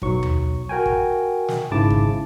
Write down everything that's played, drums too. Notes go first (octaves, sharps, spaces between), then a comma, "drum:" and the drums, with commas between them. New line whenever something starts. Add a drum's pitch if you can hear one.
B1 F#3 C#6, drum: kick
drum: tom D#2
F#4 A#4 G5 G#5
drum: kick
drum: snare
G#1 G#2 C#3 E4 A5 D6
drum: kick